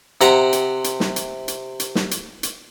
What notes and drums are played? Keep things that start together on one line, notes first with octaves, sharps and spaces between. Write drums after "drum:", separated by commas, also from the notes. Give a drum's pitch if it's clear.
C3 F#5 A#5, drum: hi-hat
drum: hi-hat
drum: hi-hat
drum: snare
drum: hi-hat
drum: hi-hat
drum: hi-hat
drum: snare
drum: hi-hat
drum: hi-hat